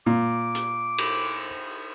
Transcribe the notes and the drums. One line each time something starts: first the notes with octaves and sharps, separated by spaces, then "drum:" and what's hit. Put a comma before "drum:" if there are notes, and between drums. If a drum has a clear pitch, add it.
A#2 D6
drum: hi-hat
drum: cymbal